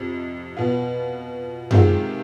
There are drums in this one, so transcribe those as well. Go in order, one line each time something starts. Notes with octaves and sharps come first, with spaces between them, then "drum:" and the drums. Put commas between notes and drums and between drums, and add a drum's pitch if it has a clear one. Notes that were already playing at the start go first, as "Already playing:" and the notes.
Already playing: F2 C3
B2 B3 F4
C3 D#3 G#3 C4 F4, drum: tom F#2